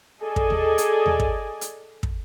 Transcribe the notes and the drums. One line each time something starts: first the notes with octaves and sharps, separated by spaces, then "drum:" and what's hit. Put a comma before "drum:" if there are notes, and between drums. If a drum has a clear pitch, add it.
G#4 A4 D5 D#5 G#5
drum: kick
drum: tom D#2
drum: hi-hat
drum: tom D#2
drum: kick
drum: hi-hat
drum: kick